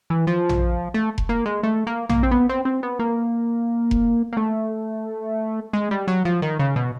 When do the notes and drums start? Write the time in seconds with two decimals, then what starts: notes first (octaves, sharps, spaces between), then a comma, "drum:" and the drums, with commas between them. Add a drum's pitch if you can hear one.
0.10 E3
0.27 F3
0.49 drum: tom A#1
0.94 A3
1.18 drum: kick F1
1.29 A#3
1.46 G#3
1.63 A3
1.87 A#3
2.09 A#3, drum: tom A#1
2.23 C4
2.31 B3
2.49 C4
2.65 C4
2.83 B3
2.99 A#3
3.91 drum: kick F1
4.33 A#3
4.37 A3
5.73 G#3
5.91 G3
6.08 F#3
6.25 F3
6.42 D#3
6.59 C#3
6.76 B2